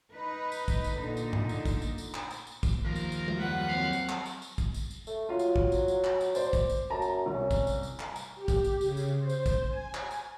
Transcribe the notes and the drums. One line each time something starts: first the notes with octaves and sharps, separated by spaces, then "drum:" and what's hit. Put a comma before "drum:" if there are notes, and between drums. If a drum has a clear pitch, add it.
D#4 B4
drum: tambourine
drum: kick, tambourine
drum: tambourine
A#2 D3 D#4
drum: tambourine
drum: tom G2
drum: tambourine
drum: kick, tambourine
drum: tambourine
drum: tambourine
drum: clap
drum: tambourine
drum: tambourine
drum: kick, tambourine
D#2 F3 A#3 A#4
drum: tambourine
drum: tambourine
drum: tom
F#2 G3 B4 F#5
F#3 C4 F5
drum: tambourine
drum: clap
drum: tambourine
drum: tambourine
drum: kick, tambourine
drum: tambourine
drum: tambourine
A3, drum: tambourine
F#3 F4 F5
drum: tambourine
drum: kick
drum: tambourine
drum: tambourine
drum: clap
drum: tambourine
C5 D5, drum: tambourine
drum: kick, tambourine
drum: tambourine
F#2 A5 A#5
drum: tambourine
C2 C#4
drum: kick, tambourine
drum: tambourine
drum: tambourine
drum: clap
drum: tambourine
G4
drum: kick, tambourine
drum: tambourine
C#3, drum: tambourine
drum: tambourine
C5
drum: tambourine
drum: kick, tambourine
G#5
drum: clap
drum: tambourine